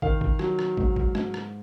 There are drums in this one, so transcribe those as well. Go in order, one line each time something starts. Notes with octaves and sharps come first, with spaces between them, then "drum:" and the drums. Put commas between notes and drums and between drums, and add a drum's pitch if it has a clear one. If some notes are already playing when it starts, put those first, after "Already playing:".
D#3 F5, drum: kick
drum: kick
F#3, drum: rim click
drum: rim click
G#2, drum: kick
drum: kick
G#2, drum: rim click
drum: rim click